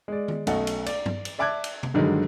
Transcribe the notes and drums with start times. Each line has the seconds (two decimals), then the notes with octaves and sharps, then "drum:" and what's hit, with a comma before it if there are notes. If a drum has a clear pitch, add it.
0.08 G#3 D5
0.28 drum: tom D#3
0.47 B1 A3 C#4 A4 D#5 F#5, drum: cymbal
0.67 drum: cymbal
0.86 D5, drum: cymbal
1.06 drum: tom G2
1.25 drum: cymbal
1.39 D5 E5 A5 D6 F#6 G#6
1.64 drum: cymbal
1.83 drum: tom C3
1.94 G2 D3 D#3 F#3 G#3